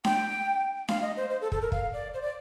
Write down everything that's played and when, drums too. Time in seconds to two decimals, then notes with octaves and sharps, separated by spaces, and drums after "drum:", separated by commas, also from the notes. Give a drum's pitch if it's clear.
0.05 G5, drum: snare D4
0.88 F5, drum: snare D4
1.02 D#5
1.17 C5
1.30 C5
1.41 A4
1.52 A4, drum: kick
1.61 A#4
1.72 F5, drum: kick
1.93 D5
2.14 C5
2.22 D5